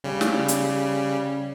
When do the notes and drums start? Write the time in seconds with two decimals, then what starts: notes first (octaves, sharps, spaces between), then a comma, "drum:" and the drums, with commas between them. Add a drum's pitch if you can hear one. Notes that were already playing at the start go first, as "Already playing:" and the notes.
0.04 C#3 G3
0.21 drum: snare
0.48 drum: hi-hat